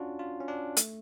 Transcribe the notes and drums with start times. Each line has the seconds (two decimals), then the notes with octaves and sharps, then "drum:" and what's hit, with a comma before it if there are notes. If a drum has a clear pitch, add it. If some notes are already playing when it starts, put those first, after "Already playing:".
Already playing: C#4 D4 F4 F#4
0.19 F4
0.40 C#4
0.48 D4
0.77 A3, drum: hi-hat